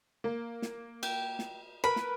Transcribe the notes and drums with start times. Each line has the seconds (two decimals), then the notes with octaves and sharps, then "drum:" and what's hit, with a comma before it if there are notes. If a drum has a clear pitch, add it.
0.24 A#3
0.62 drum: snare
1.03 G5, drum: cymbal
1.39 drum: snare
1.84 A#4 B4 B5
1.96 drum: snare